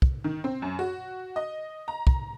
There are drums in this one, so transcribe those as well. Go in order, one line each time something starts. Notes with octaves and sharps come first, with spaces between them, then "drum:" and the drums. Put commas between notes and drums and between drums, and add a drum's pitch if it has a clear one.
drum: kick
D#3
C4
F#2
F#4
D#5
A#5
drum: kick